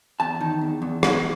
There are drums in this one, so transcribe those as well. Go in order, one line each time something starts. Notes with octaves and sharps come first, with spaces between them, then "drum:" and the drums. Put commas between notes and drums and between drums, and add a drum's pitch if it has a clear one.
E2 A5
D#3
E2
E2
E2, drum: rim click